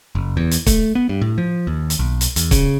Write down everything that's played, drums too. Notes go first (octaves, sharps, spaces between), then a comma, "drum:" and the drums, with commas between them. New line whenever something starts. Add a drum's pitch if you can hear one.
F#1
E2
drum: hi-hat
A3, drum: kick, hi-hat
B3
G2
A2
F3
D#2
drum: hi-hat
B1
drum: hi-hat
E2, drum: hi-hat
C#3, drum: kick, hi-hat